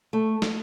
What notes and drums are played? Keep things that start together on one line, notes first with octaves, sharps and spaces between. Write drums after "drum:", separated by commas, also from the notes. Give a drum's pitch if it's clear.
A3
drum: snare